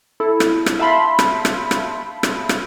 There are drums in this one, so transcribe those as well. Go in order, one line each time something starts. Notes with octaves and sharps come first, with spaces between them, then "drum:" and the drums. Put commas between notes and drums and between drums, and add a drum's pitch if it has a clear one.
E4 A4
drum: rim click
drum: rim click
E5 F5 A5 B5 C6 B6
drum: rim click
drum: rim click
drum: rim click
drum: rim click
drum: rim click